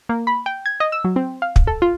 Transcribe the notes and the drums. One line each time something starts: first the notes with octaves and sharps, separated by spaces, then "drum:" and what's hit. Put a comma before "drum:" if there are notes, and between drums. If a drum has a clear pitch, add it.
A#3
B5
G5
G#6
D#5
E6
F#3
C4
F5
drum: kick
A4
F4